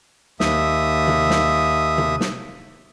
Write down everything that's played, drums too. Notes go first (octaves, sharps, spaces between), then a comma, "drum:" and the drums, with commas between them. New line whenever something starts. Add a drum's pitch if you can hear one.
D#2 E5 D#6, drum: snare
drum: tom C3
drum: snare
drum: tom C3
drum: snare